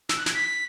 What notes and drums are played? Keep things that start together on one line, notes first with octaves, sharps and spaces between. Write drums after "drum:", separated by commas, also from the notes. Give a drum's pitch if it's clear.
E6, drum: snare
F#6
G#6, drum: snare
B6